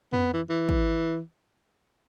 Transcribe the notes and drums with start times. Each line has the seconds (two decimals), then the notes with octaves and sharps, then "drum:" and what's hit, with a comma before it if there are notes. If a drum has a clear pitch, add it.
0.13 B3, drum: tom F2
0.33 E3
0.49 E3
0.69 drum: kick